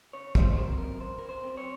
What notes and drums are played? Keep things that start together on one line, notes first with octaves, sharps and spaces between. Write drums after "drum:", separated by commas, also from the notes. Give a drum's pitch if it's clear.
C#3 C#5
C5, drum: kick
C5
F#3 C4 A#4
A#4
C#3 C5
A#4
C5
F#3 C4
C#5